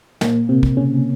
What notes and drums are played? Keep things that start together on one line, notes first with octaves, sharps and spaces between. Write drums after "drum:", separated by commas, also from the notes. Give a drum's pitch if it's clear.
A#2 A#3, drum: snare
C3 C4
drum: kick
C#3 C#4